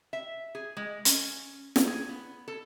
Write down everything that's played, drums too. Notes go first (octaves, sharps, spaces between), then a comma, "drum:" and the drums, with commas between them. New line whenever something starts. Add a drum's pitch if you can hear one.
E5
G#4
G#3
C#4, drum: hi-hat
drum: snare
G#4
B3
A4